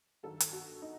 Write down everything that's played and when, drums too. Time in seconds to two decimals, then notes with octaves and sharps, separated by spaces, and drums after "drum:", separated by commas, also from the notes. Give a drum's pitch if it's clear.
0.23 G2 D#3 F#3 A4
0.40 drum: hi-hat
0.52 F#4
0.82 D#4